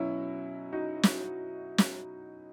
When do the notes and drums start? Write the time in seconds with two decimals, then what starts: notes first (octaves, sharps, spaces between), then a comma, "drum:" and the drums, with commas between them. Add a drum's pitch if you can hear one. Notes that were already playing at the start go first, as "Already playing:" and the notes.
Already playing: B2 F#3 C#4 E4
0.73 D#4 F#4
1.03 drum: snare
1.78 drum: snare